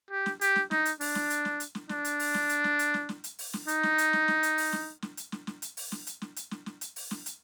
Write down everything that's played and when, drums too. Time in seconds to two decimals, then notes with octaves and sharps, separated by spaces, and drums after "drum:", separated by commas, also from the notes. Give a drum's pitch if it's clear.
0.10 G4
0.26 drum: snare
0.41 G4, drum: hi-hat
0.56 drum: snare
0.71 D#4, drum: snare
0.85 drum: hi-hat
1.01 D4, drum: open hi-hat
1.15 drum: snare
1.30 drum: hi-hat
1.45 drum: snare
1.60 drum: hi-hat
1.75 drum: snare
1.89 D4, drum: snare
2.05 drum: hi-hat
2.19 drum: open hi-hat
2.34 drum: snare
2.49 drum: hi-hat
2.64 drum: snare
2.79 drum: hi-hat
2.94 drum: snare
3.09 drum: snare
3.24 drum: hi-hat
3.39 drum: open hi-hat
3.53 drum: snare
3.68 D#4, drum: hi-hat
3.83 drum: snare
3.98 drum: hi-hat
4.13 drum: snare
4.28 drum: snare
4.43 drum: hi-hat
4.58 drum: open hi-hat
4.73 drum: snare
5.02 drum: snare
5.17 drum: hi-hat
5.32 drum: snare
5.47 drum: snare
5.62 drum: hi-hat
5.77 drum: open hi-hat
5.92 drum: snare
6.07 drum: hi-hat
6.22 drum: snare
6.36 drum: hi-hat
6.51 drum: snare
6.66 drum: snare
6.81 drum: hi-hat
6.96 drum: open hi-hat
7.11 drum: snare
7.26 drum: hi-hat